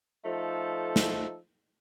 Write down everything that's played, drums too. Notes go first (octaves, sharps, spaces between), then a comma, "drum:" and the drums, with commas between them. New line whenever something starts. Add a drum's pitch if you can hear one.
F3 A3 D#4 A4
drum: snare